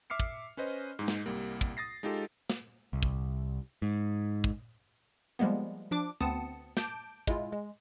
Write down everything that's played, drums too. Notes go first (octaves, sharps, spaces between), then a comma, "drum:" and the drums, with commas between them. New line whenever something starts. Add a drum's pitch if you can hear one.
E5 D6 F6 C7 C#7
drum: kick
C#4 B4 C5 D#5
G#2 G#3 D#4
drum: snare
C2 G3 A#3
drum: kick
D#6 A6 A#6 C7
G#3 D#4 F4 G4 A4
drum: snare
C2
drum: kick
G#2
drum: kick
F3 G3 G#3 A#3 B3
F3 D4 D6
D2 B3 C4 A5 D#6 C#7
A5 D6 G6 D7, drum: snare
G#3 E4 F4, drum: kick
G#3